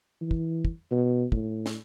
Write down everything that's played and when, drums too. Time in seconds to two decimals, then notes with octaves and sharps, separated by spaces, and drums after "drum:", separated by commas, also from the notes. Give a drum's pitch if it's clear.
0.21 E3
0.31 drum: kick
0.65 drum: kick
0.91 B2
1.32 A2, drum: kick
1.66 drum: snare